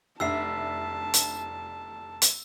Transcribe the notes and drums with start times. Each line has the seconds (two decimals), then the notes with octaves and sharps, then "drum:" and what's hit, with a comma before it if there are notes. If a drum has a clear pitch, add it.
0.20 F1 D4 E5 A5 E6 C7
1.14 drum: hi-hat
2.22 drum: hi-hat